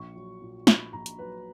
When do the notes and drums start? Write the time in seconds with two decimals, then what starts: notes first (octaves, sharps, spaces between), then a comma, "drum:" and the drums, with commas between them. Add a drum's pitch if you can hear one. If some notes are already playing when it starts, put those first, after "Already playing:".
Already playing: A#1 C#6
0.16 F#3
0.42 A#2
0.67 A#1 B5, drum: snare
0.93 A#1 A#5
1.06 drum: hi-hat
1.19 F#3 B4